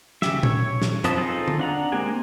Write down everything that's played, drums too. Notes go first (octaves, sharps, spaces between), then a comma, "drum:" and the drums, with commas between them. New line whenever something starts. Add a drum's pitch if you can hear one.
C#3 G4 E5, drum: snare
C#5, drum: tom A#2
drum: snare
F3 C4 B4 D#5 A5, drum: hi-hat
C4 D#4 F4 G#4 A4
drum: tom D3
D4 F#5 A#5
G#3 A#3 C4 G4 G#5